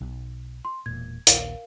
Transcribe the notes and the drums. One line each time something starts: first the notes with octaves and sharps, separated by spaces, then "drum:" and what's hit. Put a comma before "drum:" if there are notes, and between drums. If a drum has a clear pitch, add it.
B1
C6
E1 A#2 G#6
A#1 D#2 A#4 F5, drum: hi-hat